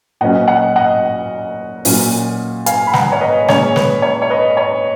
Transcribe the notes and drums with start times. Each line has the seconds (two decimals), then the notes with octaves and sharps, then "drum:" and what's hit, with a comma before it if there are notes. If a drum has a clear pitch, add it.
0.21 A#2 F#3 C#4 D#5 F#5
0.48 D#5 F#5
0.76 D#5 F#5
1.85 A#2 F#3 C#4, drum: open hi-hat
2.66 F5 G#5, drum: hi-hat
2.87 B5
2.94 F#5 A#5, drum: snare
3.12 C#5
3.21 B4 D#5
3.48 A#2 G#3 C#4 C#5, drum: snare
3.76 B4, drum: snare
4.02 C#5
4.22 C#5
4.30 B4 D#5
4.57 C#5